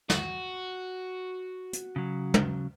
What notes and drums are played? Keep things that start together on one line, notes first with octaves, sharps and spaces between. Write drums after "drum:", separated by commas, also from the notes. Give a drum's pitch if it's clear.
F#4, drum: snare
drum: hi-hat
C#3 F#3
drum: tom